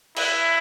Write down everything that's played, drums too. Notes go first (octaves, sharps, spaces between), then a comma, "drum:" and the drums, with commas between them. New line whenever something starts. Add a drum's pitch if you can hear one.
E4, drum: cymbal